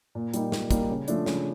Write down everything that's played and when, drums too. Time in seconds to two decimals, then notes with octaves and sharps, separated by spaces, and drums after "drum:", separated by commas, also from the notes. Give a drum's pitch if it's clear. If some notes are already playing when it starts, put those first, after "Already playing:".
0.15 A#2
0.34 G3 A#3 D#4, drum: hi-hat
0.52 A#2, drum: snare
0.71 G3 A#3 D#4, drum: kick, hi-hat
0.89 C#3
1.08 F3 A3 D4, drum: hi-hat
1.26 C#3, drum: snare